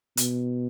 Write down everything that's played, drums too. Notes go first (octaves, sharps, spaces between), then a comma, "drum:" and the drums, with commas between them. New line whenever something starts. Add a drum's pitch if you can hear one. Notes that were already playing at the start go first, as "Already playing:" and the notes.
B2, drum: hi-hat